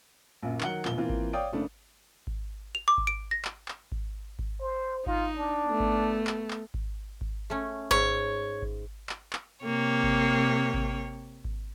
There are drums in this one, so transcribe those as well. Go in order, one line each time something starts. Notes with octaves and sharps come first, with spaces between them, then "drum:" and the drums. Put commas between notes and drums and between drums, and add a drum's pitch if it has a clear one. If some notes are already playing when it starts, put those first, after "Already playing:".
A#1 F#2 A#3
D#3 F#3 F#5 G7, drum: clap
E1 A#1 F3 G7, drum: clap
E3 A#3 C4 F4
drum: kick G#1
C#5 D5 F5 G5 D#6
F#1 C#3 A3 D4 E5
drum: kick G#1
F7
D6
drum: kick G#1
D7
A#6
drum: clap
drum: clap
drum: kick G#1
drum: kick G#1
C5
D#4 F4, drum: kick G#1
D4
A3 B3
drum: kick G#1
drum: clap
drum: clap
drum: kick G#1
drum: kick G#1
A3 C#4
G#2 C#5 A#5 B5, drum: kick G#1
drum: kick G#1
drum: clap
drum: clap
C3 A#3 C#5 G5
drum: kick G#1
drum: kick G#1
drum: kick G#1